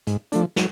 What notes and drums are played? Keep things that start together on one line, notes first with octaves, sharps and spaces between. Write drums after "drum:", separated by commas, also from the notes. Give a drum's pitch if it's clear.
G#2, drum: hi-hat
F3 A3 D4, drum: hi-hat
F#3, drum: snare